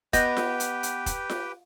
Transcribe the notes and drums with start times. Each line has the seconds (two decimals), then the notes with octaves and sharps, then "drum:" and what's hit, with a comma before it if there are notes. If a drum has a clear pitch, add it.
0.13 B3 G4 B4 D#5 G5 G6 A#6, drum: kick F1, hi-hat
0.37 drum: snare F4
0.60 drum: hi-hat
0.83 drum: hi-hat
1.06 drum: kick F1, hi-hat
1.30 drum: snare F4